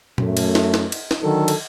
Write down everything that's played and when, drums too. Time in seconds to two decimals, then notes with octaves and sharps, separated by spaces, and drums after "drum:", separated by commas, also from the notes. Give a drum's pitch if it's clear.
0.18 F#2 A3, drum: tom A#2
0.37 drum: cymbal
0.55 drum: snare
0.74 drum: snare
0.92 drum: cymbal
1.11 drum: snare
1.21 D3 D#3 F#3 A4
1.48 drum: cymbal